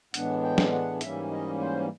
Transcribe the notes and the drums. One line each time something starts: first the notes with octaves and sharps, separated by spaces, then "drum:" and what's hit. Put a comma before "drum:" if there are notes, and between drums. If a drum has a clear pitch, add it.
A2 E3 G#3 B3 D4 F#5, drum: hi-hat
G5
drum: snare
F#5
G#2 E3 G3 A#3 C#4 E5, drum: hi-hat
D#5
C5